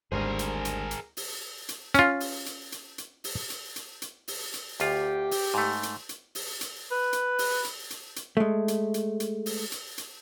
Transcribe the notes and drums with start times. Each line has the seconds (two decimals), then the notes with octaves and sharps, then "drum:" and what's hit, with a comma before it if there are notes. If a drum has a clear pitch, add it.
0.12 G#1 D2 G#2 G3 G#4 A#4 C5
0.39 drum: hi-hat
0.65 drum: hi-hat
0.91 drum: hi-hat
1.17 drum: open hi-hat
1.69 drum: hi-hat
1.94 C#4 F4, drum: hi-hat
2.20 drum: open hi-hat
2.46 drum: hi-hat
2.72 drum: hi-hat
2.98 drum: hi-hat
3.24 drum: open hi-hat
3.50 drum: hi-hat
3.76 drum: hi-hat
4.02 drum: hi-hat
4.28 drum: open hi-hat
4.54 drum: hi-hat
4.80 D2 F4 G4, drum: hi-hat
5.31 drum: open hi-hat
5.54 G#2 A3
5.83 drum: hi-hat
6.09 drum: hi-hat
6.35 drum: open hi-hat
6.61 drum: hi-hat
6.91 B4
7.13 drum: hi-hat
7.39 drum: open hi-hat
7.64 drum: hi-hat
7.90 drum: hi-hat
8.16 drum: hi-hat
8.37 G#3 A3
8.68 drum: hi-hat
8.94 drum: hi-hat
9.20 drum: hi-hat
9.46 drum: open hi-hat
9.72 drum: hi-hat
9.98 drum: hi-hat